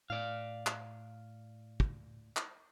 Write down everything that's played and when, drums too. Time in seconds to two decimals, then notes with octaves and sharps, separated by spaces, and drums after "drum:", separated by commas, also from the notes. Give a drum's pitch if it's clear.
0.10 A2 D5 F5
0.67 drum: clap
1.80 drum: kick
2.37 drum: clap